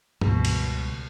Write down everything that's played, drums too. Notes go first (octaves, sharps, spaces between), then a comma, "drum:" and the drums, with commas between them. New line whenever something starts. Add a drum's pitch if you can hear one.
C#2 B2 G3, drum: tom G2
drum: cymbal